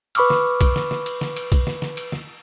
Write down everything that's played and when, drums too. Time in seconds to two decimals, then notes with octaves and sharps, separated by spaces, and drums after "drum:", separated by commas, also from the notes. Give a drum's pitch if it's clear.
0.15 B4 B5 C#6 D6 E6 F6, drum: cymbal
0.30 drum: snare
0.61 drum: kick, cymbal
0.76 drum: snare
0.91 drum: snare
1.06 drum: cymbal
1.21 drum: snare
1.36 drum: cymbal
1.52 drum: kick, cymbal
1.67 drum: snare
1.82 drum: snare
1.97 drum: cymbal
2.12 drum: snare